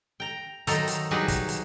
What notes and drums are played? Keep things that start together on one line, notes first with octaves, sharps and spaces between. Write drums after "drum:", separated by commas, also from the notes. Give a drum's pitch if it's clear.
G5 A#5
D#3 F#3 D#4 A4 C5 A#5, drum: hi-hat
drum: hi-hat
F#3 G3 D#4 G#4 B4
drum: kick, hi-hat
drum: hi-hat